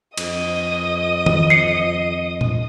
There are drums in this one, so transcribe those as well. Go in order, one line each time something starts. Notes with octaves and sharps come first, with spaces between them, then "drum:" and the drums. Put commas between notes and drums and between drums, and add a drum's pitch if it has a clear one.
F2 D#5 D#6, drum: cymbal
drum: tom D#3
C7 C#7
drum: tom A#2